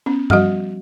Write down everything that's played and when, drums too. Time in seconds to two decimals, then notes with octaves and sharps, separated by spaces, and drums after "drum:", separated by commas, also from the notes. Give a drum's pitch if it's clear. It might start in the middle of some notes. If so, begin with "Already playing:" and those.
0.06 B3 C#4
0.30 F3 G3 F#4 D#5, drum: tom G2